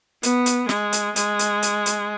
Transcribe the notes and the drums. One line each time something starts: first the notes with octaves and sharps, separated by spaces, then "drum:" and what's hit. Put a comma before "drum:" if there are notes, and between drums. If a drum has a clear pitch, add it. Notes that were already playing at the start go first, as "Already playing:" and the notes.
B3, drum: hi-hat
drum: hi-hat
G#3, drum: snare
drum: hi-hat
G#3, drum: hi-hat
drum: hi-hat
drum: hi-hat
drum: hi-hat